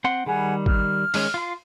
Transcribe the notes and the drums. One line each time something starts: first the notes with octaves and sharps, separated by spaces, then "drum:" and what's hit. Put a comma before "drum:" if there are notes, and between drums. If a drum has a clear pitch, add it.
C4 F#5 C6
D#3 G3 G#4 F#5 B5
F6, drum: kick G#1
D#3 G#3 C#4, drum: open hi-hat
F4 C6